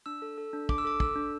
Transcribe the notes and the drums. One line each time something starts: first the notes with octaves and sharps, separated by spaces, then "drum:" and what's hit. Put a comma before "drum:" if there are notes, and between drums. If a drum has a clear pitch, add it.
D4 E6
A4
A4
D4
D4 D6, drum: kick
E6
A4 D6
A4 E6, drum: kick
D4